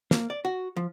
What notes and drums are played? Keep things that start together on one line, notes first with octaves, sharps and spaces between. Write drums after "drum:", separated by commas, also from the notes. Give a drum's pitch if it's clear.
A#3, drum: snare
D5
F#4
F3